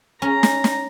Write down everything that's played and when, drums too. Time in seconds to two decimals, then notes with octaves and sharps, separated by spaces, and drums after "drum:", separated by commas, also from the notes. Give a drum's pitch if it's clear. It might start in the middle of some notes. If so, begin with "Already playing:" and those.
0.22 C#4 A#5
0.43 drum: snare
0.64 drum: snare